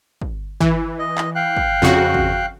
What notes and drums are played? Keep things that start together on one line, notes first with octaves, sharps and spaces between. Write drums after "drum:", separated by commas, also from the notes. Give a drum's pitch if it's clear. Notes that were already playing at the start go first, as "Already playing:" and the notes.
drum: kick
E3, drum: kick
D#5
drum: clap
F5 G5 F#6
drum: kick
F2 C#3 F#4
drum: kick